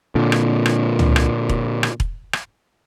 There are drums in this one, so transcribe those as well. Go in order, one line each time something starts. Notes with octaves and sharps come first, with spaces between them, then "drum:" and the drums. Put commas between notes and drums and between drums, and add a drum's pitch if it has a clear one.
A#2 D3
drum: rim click
drum: rim click
drum: tom C#2
drum: rim click
drum: kick E1
drum: rim click
drum: kick E1
drum: rim click